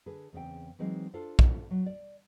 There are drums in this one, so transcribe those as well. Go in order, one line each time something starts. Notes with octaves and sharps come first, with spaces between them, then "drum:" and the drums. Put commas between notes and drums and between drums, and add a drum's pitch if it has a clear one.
D3 G#4 B4
E2 C#3 C4 G5
E3 F#3 G#3 C4 D#4
D4 F4 A4 C5
drum: kick
F#3
D5